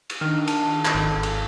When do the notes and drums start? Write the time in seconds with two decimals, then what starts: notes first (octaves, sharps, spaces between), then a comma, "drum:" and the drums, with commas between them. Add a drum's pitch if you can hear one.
0.10 drum: cymbal
0.21 D#3 D4 F6
0.47 A5, drum: cymbal
0.85 drum: clap
0.95 G#1 A4
1.23 drum: cymbal